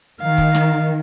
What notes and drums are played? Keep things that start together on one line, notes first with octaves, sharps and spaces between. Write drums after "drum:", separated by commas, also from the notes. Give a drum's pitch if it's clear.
D#3 F5
drum: kick, hi-hat
drum: snare